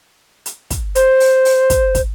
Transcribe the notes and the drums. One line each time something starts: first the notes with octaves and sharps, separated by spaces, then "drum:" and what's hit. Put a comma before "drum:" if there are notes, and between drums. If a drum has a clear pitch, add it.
drum: hi-hat
drum: kick, hi-hat
C5, drum: hi-hat
drum: open hi-hat
drum: open hi-hat
drum: kick, hi-hat
drum: kick, hi-hat